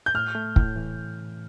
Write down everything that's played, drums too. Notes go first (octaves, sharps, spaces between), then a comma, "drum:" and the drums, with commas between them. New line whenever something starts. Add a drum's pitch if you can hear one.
G6
A2 F6
A3
A2, drum: kick
E3